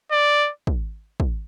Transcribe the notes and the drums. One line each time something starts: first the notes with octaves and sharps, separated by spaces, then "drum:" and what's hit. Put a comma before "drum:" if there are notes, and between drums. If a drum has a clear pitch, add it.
D5
drum: kick
drum: kick